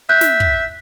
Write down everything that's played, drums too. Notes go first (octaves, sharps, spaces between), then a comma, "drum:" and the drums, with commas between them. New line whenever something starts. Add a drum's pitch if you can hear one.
E5 F#6 G6
drum: snare
drum: kick